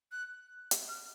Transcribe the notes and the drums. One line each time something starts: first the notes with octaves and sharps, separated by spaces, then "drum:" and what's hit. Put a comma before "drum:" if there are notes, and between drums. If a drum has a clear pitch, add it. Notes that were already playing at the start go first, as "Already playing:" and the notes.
F#6
drum: hi-hat
F6